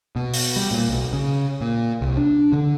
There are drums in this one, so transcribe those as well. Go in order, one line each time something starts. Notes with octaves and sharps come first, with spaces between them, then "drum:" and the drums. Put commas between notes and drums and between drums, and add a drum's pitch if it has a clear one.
B2
drum: open hi-hat
G3
A#2
B1
C#3
A#2
C2
D4
D3